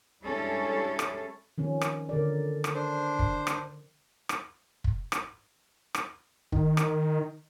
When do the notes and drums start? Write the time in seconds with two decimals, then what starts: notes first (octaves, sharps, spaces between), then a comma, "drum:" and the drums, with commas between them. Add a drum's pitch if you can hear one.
0.22 G3 G#3 C#4 D4 E4 A4
0.99 drum: rim click
1.58 D#3 F3 C#4
1.81 drum: rim click
2.09 D3 A#4 D5
2.64 drum: rim click
2.75 D4 C5
3.19 drum: kick
3.47 drum: rim click
4.29 drum: rim click
4.84 drum: kick
5.12 drum: rim click
5.94 drum: rim click
6.52 D#3, drum: kick
6.77 drum: rim click